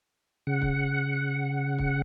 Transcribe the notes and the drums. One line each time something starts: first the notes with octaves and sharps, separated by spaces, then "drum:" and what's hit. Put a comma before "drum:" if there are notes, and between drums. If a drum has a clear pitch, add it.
C#3 F#5
drum: kick
drum: kick